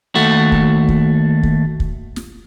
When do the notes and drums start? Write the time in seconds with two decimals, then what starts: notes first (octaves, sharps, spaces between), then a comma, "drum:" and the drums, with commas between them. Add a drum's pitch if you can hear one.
0.15 D#2 A3 F#4
0.52 drum: kick
0.88 drum: kick
1.43 drum: kick
1.80 drum: kick
2.16 drum: snare